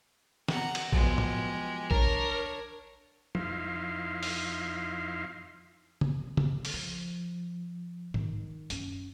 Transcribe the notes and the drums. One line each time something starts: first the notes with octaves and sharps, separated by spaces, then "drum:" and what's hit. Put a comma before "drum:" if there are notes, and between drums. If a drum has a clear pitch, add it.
F#5 A#5, drum: snare
drum: cymbal
F3 F#3 G#3 B3 G4, drum: kick A1
drum: tom
D4 A#4 C#5, drum: kick A1
F2 D#4 E4 F5 C6, drum: tom F3
drum: open hi-hat
drum: tom C#3
drum: tom C#3
drum: open hi-hat
F3
D#3, drum: tom G#2
F#2 C#4, drum: hi-hat